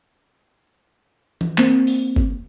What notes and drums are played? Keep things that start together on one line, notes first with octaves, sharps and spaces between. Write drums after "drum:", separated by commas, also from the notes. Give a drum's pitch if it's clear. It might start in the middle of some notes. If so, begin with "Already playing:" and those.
drum: tom E3
A#3 C4, drum: clap
drum: open hi-hat
drum: kick F#1